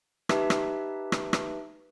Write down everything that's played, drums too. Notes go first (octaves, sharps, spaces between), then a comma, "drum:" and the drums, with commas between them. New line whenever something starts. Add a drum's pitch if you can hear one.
D#4 G4 B4 E5 A5, drum: rim click
drum: rim click
drum: rim click
drum: rim click